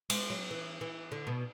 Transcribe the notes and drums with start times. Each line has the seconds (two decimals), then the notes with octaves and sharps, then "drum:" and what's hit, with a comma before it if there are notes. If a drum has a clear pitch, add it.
0.10 G#3, drum: cymbal
0.30 F#3
0.51 E3
0.81 E3
1.12 D3
1.27 B2